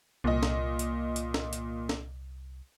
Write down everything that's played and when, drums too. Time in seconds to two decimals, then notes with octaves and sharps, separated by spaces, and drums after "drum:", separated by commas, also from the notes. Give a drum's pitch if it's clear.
0.24 C2 A#2 D#5
0.43 drum: snare
0.79 drum: hi-hat
1.16 drum: hi-hat
1.34 drum: snare
1.53 drum: hi-hat
1.89 drum: snare